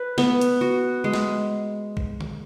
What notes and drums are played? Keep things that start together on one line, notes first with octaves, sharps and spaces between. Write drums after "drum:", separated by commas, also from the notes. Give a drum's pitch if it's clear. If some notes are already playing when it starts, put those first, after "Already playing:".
Already playing: B4
B3, drum: snare
drum: hi-hat
F#4
G#3
drum: snare
drum: kick
drum: tom D3